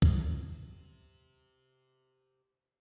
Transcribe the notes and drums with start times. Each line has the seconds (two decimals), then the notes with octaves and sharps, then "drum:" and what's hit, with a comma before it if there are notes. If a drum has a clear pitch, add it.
0.02 G4 C5, drum: kick